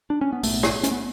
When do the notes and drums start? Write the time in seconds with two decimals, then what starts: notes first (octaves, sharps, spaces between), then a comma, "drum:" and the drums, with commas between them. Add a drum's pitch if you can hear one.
0.10 D4
0.21 C#4
0.33 B3
0.43 B1 A2 A3, drum: open hi-hat
0.63 drum: rim click
0.83 C#4, drum: hi-hat
0.91 B3